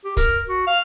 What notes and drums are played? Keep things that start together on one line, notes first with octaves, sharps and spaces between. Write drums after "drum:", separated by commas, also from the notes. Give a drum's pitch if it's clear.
G4
A#4, drum: kick, hi-hat
F#4
F5